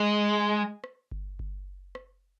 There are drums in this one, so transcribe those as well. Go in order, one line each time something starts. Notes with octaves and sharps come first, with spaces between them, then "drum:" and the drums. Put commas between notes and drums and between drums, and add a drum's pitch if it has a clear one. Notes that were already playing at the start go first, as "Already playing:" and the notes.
Already playing: G#3
drum: rim click
drum: kick G1
drum: kick G1
drum: rim click